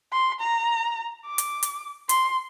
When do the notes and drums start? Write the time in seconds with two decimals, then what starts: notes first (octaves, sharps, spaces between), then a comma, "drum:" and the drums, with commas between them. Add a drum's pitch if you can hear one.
0.12 C6
0.41 A#5
1.25 D6
1.38 drum: hi-hat
1.63 drum: hi-hat
2.09 C6, drum: hi-hat